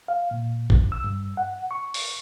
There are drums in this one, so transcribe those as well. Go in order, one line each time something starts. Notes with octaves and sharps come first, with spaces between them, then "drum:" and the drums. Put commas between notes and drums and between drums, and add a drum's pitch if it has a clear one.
F5
A#2
C#2, drum: kick
E6
G2
F#5
C#6
drum: open hi-hat